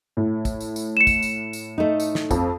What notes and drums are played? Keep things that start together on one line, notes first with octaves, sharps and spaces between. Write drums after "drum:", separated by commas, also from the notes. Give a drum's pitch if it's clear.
A2
drum: kick, tambourine
drum: tambourine
drum: tambourine
C#7 E7
drum: kick, tambourine
drum: tambourine
drum: tambourine
A3 D#4
drum: tambourine
drum: snare
F2, drum: kick, tambourine